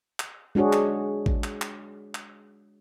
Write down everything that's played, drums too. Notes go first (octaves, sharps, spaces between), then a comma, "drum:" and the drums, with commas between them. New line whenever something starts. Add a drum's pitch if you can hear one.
drum: clap
G#3 D4 F#4 G#4 C#5
drum: clap
drum: kick A1
drum: clap
drum: clap
drum: clap